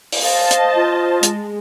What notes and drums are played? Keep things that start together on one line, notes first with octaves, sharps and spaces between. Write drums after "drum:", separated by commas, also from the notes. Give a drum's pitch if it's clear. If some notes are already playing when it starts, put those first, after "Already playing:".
drum: open hi-hat
C5 D#5 F5 A5
drum: hi-hat
F4
G#3, drum: hi-hat